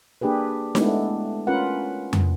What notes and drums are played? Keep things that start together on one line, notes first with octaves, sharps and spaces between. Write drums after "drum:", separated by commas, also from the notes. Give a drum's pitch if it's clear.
A#3 D4 G4 G#4 B4
G#3 A3 B3 D4 E4, drum: snare D#4
C#4 F4 A#4 B4 F#5
drum: tom F2